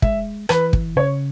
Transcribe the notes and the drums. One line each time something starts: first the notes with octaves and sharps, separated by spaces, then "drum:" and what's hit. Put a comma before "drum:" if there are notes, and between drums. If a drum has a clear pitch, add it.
G#3 E5, drum: kick
E3 B4, drum: rim click
drum: kick
C#3 C#5